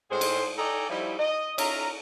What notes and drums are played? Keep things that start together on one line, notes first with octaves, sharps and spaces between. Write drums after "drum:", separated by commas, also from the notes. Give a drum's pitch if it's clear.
A2 G#3 G#4 C5
drum: cymbal
A4 D5 D#5 G5 G#5 A#5
F3 G3 D#4 E4
D#5
C#4 F4 A#4 E5 A#5, drum: cymbal